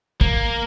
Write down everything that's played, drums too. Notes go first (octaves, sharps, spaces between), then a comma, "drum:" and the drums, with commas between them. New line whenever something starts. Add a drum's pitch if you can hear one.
A#3, drum: kick